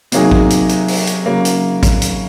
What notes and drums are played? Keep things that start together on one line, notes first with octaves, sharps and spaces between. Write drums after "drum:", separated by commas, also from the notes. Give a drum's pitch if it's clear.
C3 F#3 A#3 D#4 G#4, drum: hi-hat
drum: kick
drum: hi-hat
drum: hi-hat
drum: open hi-hat
drum: hi-hat
C#3 F#3 A#3
drum: hi-hat
drum: kick, hi-hat
drum: hi-hat